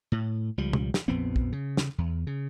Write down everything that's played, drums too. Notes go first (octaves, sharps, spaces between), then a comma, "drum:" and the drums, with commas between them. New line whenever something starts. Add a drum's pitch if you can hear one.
A2
C#2 F3 G3
drum: tom B2
drum: snare
A#1 F2 B3 C4
drum: kick
C#3
drum: snare
E2
C#3